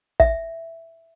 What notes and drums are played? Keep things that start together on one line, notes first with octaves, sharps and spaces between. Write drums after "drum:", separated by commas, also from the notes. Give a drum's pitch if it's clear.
E5, drum: kick